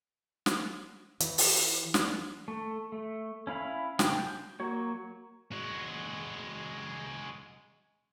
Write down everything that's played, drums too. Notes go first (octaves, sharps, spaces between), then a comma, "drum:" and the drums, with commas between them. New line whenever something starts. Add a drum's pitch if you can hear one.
drum: snare
E3, drum: hi-hat
drum: open hi-hat
D4, drum: snare
A3
A3
C#4 E4 F5 B5
C#3 D4 G5 F6, drum: snare
G6
F#3 A#3 F#4 C#5
G#3 F#4